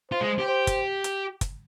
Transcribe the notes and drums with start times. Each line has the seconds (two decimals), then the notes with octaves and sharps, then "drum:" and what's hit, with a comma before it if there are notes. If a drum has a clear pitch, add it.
0.12 F4 C5
0.21 G#3
0.39 G4
0.48 C5
0.67 drum: kick G1, hi-hat
1.04 drum: hi-hat
1.41 drum: kick G1, hi-hat